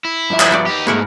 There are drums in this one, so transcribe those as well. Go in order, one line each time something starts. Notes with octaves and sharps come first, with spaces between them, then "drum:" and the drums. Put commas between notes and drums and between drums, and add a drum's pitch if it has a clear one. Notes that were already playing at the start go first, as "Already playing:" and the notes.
E4
G2 F3 E5
drum: clap
B3 F#4 D5
D#4 G4
D2 G#2 A3 A#3 E4 F#4 G#4 A#4